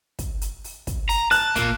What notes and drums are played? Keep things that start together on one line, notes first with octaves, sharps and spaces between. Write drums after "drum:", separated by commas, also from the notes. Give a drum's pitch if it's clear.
drum: kick, hi-hat
drum: hi-hat
drum: open hi-hat
drum: kick, hi-hat
A#5, drum: open hi-hat
A5 F#6, drum: open hi-hat
A#2 A#3, drum: kick, hi-hat